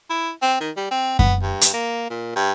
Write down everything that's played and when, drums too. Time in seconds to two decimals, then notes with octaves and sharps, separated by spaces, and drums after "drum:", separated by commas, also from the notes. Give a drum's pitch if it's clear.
0.10 E4
0.42 C4
0.61 D#3
0.77 G3
0.91 C4
1.19 B3, drum: kick F#2
1.43 G2
1.61 drum: hi-hat
1.74 A#3
2.10 A#2
2.36 G2